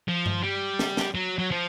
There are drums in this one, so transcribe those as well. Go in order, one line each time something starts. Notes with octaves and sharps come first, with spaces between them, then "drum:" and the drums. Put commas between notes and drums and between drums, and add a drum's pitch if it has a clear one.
F3
drum: tom G2
G3
drum: snare
drum: snare
F#3
F#3
F3